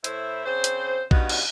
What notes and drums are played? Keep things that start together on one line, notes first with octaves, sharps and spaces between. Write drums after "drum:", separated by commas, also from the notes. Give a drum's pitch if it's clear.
A2 E4 C5 E5, drum: hi-hat
C#3 C4 C5
drum: hi-hat
G2 C#3 B3 D#4 F#4, drum: kick A#1
drum: cymbal